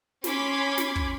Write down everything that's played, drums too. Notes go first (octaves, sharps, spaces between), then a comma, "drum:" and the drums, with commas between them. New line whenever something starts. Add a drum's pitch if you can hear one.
C#4 B5 C6 D6 G#6 B6, drum: snare
drum: snare
drum: kick